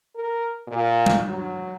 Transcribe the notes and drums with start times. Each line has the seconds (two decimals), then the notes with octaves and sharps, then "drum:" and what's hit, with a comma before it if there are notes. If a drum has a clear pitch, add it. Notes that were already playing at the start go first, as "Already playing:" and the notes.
0.16 A#4
0.68 A#2
1.06 drum: tom G3
1.29 F#3